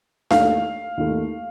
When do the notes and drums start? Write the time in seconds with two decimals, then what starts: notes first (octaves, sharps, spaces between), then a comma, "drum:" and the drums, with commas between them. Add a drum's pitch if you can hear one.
0.30 D#2 D#3 A3 F5, drum: snare D4
0.97 D#2 D#3 A3